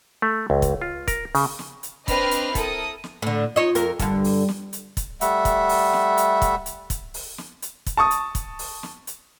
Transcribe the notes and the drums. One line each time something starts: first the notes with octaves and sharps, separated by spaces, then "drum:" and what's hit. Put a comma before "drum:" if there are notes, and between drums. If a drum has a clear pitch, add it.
A3
C#2
drum: kick, hi-hat
F4
A#4, drum: kick, hi-hat
C#3, drum: open hi-hat
drum: snare
drum: hi-hat
C4 D4 B4 D#5 B5 F6, drum: kick, hi-hat
drum: hi-hat
E4 A4 A#4 D#6, drum: kick, hi-hat
drum: snare
A2 D3
D#4 F4 C#5 D#5
F2 A#4, drum: hi-hat
G2 D3 G3, drum: kick, hi-hat
drum: open hi-hat
drum: snare
drum: hi-hat
drum: kick, hi-hat
G3 A3 E5 F#5, drum: hi-hat
drum: kick, hi-hat
drum: open hi-hat
drum: snare
drum: hi-hat
drum: kick, hi-hat
drum: hi-hat
drum: kick, hi-hat
drum: open hi-hat
drum: snare
drum: hi-hat
drum: kick, hi-hat
A5 C#6 D#6
drum: hi-hat
drum: kick, hi-hat
drum: open hi-hat
drum: snare
drum: hi-hat